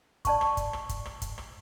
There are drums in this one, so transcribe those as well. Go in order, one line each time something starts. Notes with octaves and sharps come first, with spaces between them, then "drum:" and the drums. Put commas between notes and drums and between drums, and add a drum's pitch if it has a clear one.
D5 A5 C#6, drum: kick, hi-hat
drum: rim click
drum: kick, hi-hat
drum: rim click
drum: kick, hi-hat
drum: rim click
drum: kick, hi-hat
drum: rim click